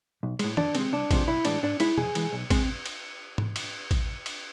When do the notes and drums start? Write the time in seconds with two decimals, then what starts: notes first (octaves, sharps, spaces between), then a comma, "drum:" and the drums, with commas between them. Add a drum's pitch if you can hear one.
0.23 B1
0.39 A2 G#3, drum: cymbal
0.57 F2 D4, drum: tom
0.75 C3 G#3 C4, drum: cymbal
0.92 C2 D4
1.11 C3 F3 G#3, drum: kick, cymbal
1.28 B1 E4
1.45 A2 E3 G#3 D4, drum: cymbal
1.62 G#2 D4
1.80 G#3 E4, drum: cymbal
1.98 F2 G#4, drum: tom
2.15 E3 G#3, drum: cymbal
2.33 B1
2.50 G#3 C4, drum: kick, cymbal
2.86 drum: cymbal
3.38 drum: tom G#2
3.56 drum: cymbal
3.91 drum: kick, cymbal
4.26 drum: cymbal